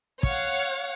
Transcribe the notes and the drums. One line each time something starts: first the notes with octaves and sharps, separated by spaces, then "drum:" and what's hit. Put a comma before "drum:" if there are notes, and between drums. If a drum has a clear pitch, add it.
C#5 F5 F#5, drum: kick